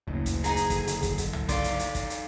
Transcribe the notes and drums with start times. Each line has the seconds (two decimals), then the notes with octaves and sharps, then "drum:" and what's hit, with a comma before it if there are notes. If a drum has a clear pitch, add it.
0.08 F#1 D2
0.26 drum: kick, hi-hat
0.44 D#4 E4 G#4 A#5, drum: hi-hat
0.57 drum: hi-hat
0.70 D3, drum: kick, hi-hat
0.87 drum: hi-hat
1.03 drum: kick, hi-hat
1.18 drum: kick, hi-hat
1.33 drum: tom C2
1.49 D#4 A4 D5 F5 C6, drum: kick, hi-hat
1.64 drum: hi-hat
1.79 drum: hi-hat
1.95 drum: kick, hi-hat
2.10 drum: hi-hat